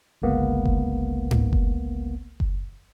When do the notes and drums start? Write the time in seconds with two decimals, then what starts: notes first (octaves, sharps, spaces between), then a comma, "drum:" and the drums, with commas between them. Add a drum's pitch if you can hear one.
0.22 G1 C#2 A#3 B3
0.65 drum: kick F#1
1.31 drum: tom G#2
1.53 drum: kick F#1
2.40 drum: kick F#1